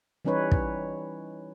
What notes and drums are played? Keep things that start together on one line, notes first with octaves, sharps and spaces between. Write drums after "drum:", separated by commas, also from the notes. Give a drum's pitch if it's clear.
E3 G3 C#4 D#4 B4 C#5
drum: kick